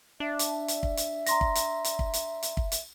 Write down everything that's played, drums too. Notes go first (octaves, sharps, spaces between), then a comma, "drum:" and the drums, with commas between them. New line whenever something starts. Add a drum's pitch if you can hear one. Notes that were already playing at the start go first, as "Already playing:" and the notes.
D4 E5
drum: hi-hat
drum: hi-hat
drum: kick
drum: hi-hat
A#5 C6 A#6, drum: hi-hat
drum: kick
drum: hi-hat
drum: hi-hat
drum: kick
drum: hi-hat
drum: hi-hat
drum: kick
drum: hi-hat